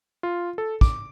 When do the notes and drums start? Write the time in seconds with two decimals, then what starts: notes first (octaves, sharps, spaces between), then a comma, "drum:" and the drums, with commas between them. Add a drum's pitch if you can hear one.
0.23 F4
0.58 A4
0.81 D6, drum: kick